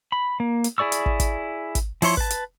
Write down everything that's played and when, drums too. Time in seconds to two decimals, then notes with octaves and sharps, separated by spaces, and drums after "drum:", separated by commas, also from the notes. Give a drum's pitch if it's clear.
0.12 B5
0.40 A#3
0.64 drum: hi-hat
0.78 E4 G#4 D5 C#6 E6
0.92 drum: hi-hat
1.06 drum: kick
1.20 drum: kick, hi-hat
1.75 drum: kick, hi-hat
2.02 F3 E4 C#5 C6, drum: open hi-hat
2.17 B4 A5, drum: kick
2.30 drum: hi-hat